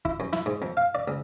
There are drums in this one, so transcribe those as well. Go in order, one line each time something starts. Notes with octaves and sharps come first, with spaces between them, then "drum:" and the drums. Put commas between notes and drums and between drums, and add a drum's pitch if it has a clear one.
E4, drum: kick
F#2
E4, drum: snare
G#2
F2
F5
D5
C#2